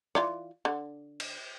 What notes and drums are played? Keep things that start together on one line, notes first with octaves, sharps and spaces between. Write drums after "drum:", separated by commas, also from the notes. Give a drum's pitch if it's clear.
E3 F4 D5, drum: rim click
D3
drum: cymbal